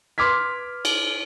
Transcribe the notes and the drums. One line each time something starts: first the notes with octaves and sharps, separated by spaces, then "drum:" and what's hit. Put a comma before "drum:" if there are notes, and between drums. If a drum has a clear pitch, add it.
B4 C6 D6 F6 G#6 B6
drum: cymbal